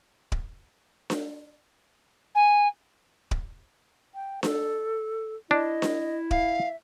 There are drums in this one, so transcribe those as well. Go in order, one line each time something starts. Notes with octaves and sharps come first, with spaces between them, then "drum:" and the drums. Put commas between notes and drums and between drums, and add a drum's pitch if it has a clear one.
drum: kick D1
drum: snare D4
G#5
drum: kick D1
G5
A4, drum: snare D4
D4 E4 D#5
drum: snare D4
E5 F5, drum: kick D1